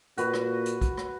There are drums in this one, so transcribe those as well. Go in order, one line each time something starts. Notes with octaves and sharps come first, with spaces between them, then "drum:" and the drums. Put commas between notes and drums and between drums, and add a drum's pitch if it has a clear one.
A#2 F#4 B4, drum: hi-hat
drum: rim click
drum: hi-hat
drum: kick, hi-hat
drum: rim click